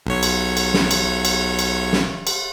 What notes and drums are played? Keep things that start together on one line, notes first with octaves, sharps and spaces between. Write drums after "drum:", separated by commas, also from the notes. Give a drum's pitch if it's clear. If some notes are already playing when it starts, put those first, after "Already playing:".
B1 C#5
drum: cymbal
drum: cymbal
drum: snare
drum: cymbal
drum: cymbal
drum: cymbal
drum: snare
drum: cymbal